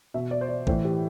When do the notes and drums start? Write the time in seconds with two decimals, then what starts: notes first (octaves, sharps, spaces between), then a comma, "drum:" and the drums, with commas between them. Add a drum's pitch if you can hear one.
0.14 B2 E5
0.31 D5
0.41 C5
0.48 D5
0.67 A2 E3 C5, drum: kick A#1
0.85 G4